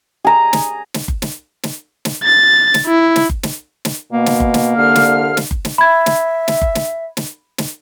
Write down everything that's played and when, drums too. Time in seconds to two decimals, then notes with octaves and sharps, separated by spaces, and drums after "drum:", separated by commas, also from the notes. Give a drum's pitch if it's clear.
0.24 G#4 A#5
0.53 drum: snare
0.94 drum: snare
1.08 drum: kick F#1
1.22 drum: snare
1.63 drum: snare
2.05 drum: snare
2.24 A6
2.74 drum: snare
2.86 E4
3.16 drum: snare
3.29 drum: kick F#1
3.43 drum: snare
3.85 drum: snare
4.12 B2 A#3
4.26 drum: snare
4.40 drum: kick F#1
4.54 drum: snare
4.76 C2 D3 F5 F6
4.95 drum: snare
5.37 drum: snare
5.51 drum: kick F#1
5.65 drum: snare
5.78 E5 B5 G#6
6.06 drum: snare
6.48 drum: snare
6.61 drum: kick F#1
6.75 drum: snare
7.17 drum: snare
7.58 drum: snare